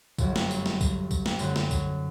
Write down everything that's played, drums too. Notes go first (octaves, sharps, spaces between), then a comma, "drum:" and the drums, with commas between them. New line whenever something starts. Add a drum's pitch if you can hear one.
G1 F#2 F#3, drum: kick, tambourine
drum: snare
drum: tambourine
drum: snare
drum: kick, tambourine
drum: kick, tambourine
drum: snare
F#2 D3 F#3 C4 F#4, drum: tambourine
drum: snare
drum: kick, tambourine